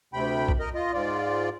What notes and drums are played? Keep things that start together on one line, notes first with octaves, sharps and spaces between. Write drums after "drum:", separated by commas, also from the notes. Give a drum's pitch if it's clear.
D2 C3 G5 B5
drum: kick B1
A#4 D#5
F4 D#5
G#2 F4 D5